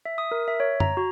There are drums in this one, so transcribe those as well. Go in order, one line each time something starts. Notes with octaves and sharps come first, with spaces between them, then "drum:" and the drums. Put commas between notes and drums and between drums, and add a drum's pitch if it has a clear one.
E5
D#6
A#4
E5
C#5
A#5, drum: tom F#2
F#4